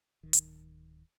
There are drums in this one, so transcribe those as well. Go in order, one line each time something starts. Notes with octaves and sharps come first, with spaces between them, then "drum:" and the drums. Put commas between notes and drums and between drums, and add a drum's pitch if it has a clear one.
D1 D#3
drum: hi-hat